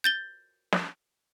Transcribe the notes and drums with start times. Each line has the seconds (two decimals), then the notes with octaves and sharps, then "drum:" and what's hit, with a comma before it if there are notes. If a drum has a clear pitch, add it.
0.04 G6 A6 G7
0.72 drum: snare